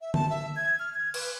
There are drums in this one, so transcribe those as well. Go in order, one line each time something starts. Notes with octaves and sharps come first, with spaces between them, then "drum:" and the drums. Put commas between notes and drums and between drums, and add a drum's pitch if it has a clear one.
E5
A5, drum: tom
E5
G#6
F6
G#6
B4, drum: cymbal